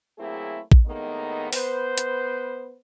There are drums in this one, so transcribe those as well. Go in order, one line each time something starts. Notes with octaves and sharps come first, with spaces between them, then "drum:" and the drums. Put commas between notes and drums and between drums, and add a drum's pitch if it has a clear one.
F#3 A3 A#3 C4 E4 G#4
drum: kick A1
A2 D#3 G#3 A#3 B3 D#4
B3 B4 C5, drum: open hi-hat
drum: hi-hat